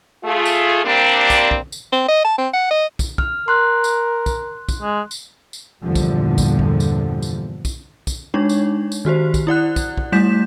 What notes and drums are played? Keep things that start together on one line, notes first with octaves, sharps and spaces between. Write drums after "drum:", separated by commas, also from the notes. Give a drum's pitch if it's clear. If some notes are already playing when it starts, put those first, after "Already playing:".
A3 F4 G#4
drum: tambourine
C3 G3 A#3 C4 D4
drum: kick, tambourine
drum: kick
drum: tambourine
C4
D#5
A5
C4
F#5
D#5
drum: kick, tambourine
F6, drum: kick
A#4 C6 F#6
drum: tambourine
drum: kick, tambourine
drum: kick, tambourine
G#3
drum: tambourine
drum: tambourine
E2 G2 A#2 D3 F3 G3
drum: kick, tambourine
drum: kick, tambourine
drum: kick
drum: tambourine
drum: tambourine
drum: kick, tambourine
drum: kick, tambourine
G#3 D4 D#4 C#5
drum: tambourine
drum: tambourine
D#3 F#4 G4 C5
drum: kick, tambourine
E4 D5 F#5 F#6
drum: kick, tambourine
drum: kick
G3 A3 E4 G6 B6 E7